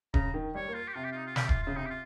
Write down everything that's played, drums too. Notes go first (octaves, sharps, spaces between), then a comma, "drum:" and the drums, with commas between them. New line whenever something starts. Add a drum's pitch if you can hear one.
C#3 A#5, drum: kick D#1
D#3
G3 C#5
A#3
F4
G4
C3 F4
G4
F4
D#4
F4
G4, drum: snare
F4, drum: kick D#1
C#3 F4
C3 D#4
G4
F4